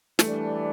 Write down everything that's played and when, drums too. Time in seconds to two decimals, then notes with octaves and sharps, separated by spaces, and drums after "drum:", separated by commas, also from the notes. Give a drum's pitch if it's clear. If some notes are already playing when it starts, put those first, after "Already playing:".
0.19 E3 G3 A3 D4, drum: snare